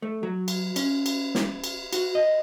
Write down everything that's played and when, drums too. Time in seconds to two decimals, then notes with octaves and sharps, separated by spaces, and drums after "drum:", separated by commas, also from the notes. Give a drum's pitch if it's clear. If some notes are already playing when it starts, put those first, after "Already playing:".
0.02 A3
0.23 F#3
0.48 drum: cymbal
0.76 C#4, drum: cymbal
1.06 drum: cymbal
1.35 drum: snare
1.64 drum: cymbal
1.93 F#4, drum: cymbal
2.15 D#5